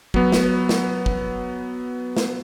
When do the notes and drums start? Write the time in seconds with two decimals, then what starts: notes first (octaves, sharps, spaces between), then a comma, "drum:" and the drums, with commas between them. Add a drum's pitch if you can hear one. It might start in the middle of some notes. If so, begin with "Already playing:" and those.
0.14 F#3 B3, drum: kick
0.32 drum: snare
0.69 drum: snare
1.06 drum: kick
2.17 drum: snare